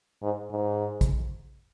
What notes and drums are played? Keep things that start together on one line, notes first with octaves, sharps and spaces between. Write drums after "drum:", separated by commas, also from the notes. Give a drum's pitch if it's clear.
G#2
G#2
drum: kick, hi-hat